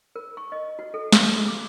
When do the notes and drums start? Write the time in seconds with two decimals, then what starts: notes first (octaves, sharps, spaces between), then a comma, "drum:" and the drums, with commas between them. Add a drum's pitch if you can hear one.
0.16 A#4
0.37 C#6
0.52 D#5
0.79 F#4
0.94 A4
1.12 F5, drum: snare
1.36 F#4
1.48 D6